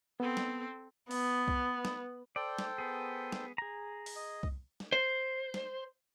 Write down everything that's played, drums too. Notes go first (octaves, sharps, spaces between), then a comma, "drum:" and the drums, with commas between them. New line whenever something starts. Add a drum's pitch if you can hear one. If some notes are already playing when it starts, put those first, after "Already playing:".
B3 C4 A4
drum: snare
B3, drum: open hi-hat
drum: kick C2
drum: snare
A4 C5 D5 G5
drum: snare
B3 G#4
drum: snare
G#4 A#5
drum: open hi-hat
D#5
drum: kick C2
drum: snare
C5
drum: snare